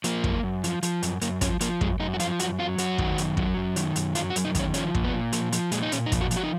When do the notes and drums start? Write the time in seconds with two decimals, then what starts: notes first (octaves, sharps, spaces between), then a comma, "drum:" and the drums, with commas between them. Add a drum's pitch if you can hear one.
0.04 F3 A#3, drum: hi-hat
0.24 F#2, drum: kick
0.43 F#2
0.64 F3, drum: hi-hat
0.83 F3, drum: hi-hat
1.03 F#2, drum: hi-hat
1.21 F#2 A#3, drum: hi-hat
1.41 F3 C#4, drum: kick, hi-hat
1.61 F3 A#3, drum: hi-hat
1.81 F#2 G#3, drum: kick
2.00 F#2 D#4
2.14 F#4
2.20 F3 F4, drum: hi-hat
2.39 F#2 F#4, drum: hi-hat
2.59 F#3 F4
2.78 F#2 F#4, drum: hi-hat
2.98 D#3, drum: kick
3.18 F#2, drum: hi-hat
3.37 F#3, drum: kick
3.57 F#2
3.76 D#3, drum: hi-hat
3.96 F#2, drum: hi-hat
4.15 F#3 F4, drum: hi-hat
4.30 F#4
4.36 F#2, drum: hi-hat
4.45 D#4
4.55 D#3 C#4, drum: kick, hi-hat
4.74 F3 C#4, drum: hi-hat
4.95 A#2, drum: kick
5.04 B3
5.13 A#2
5.32 F3 A#3, drum: hi-hat
5.52 F3, drum: hi-hat
5.72 A#2 G#3, drum: hi-hat
5.82 D#4
5.92 A#2 C#4, drum: hi-hat
6.06 D#4
6.12 F3, drum: kick, hi-hat
6.21 F#4
6.31 F3, drum: hi-hat
6.36 F#4
6.44 D#4